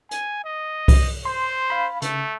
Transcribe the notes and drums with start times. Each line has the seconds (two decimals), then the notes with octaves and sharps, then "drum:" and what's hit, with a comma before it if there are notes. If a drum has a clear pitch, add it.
0.11 G#5, drum: hi-hat
0.45 D#5
0.88 drum: kick C2, open hi-hat
1.25 C5 C6
1.70 F5 B5
2.02 C#3 A3, drum: hi-hat